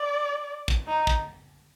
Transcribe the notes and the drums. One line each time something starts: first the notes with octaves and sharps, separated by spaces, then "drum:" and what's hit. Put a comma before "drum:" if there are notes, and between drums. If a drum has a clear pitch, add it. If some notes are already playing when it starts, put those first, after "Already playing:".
Already playing: D5
drum: kick
D#4
drum: kick